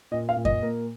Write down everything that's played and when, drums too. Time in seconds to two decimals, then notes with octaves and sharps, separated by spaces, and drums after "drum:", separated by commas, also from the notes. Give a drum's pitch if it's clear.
0.11 A#2 D#5
0.29 F5
0.37 A#2
0.45 D#5, drum: kick F#2
0.62 A#3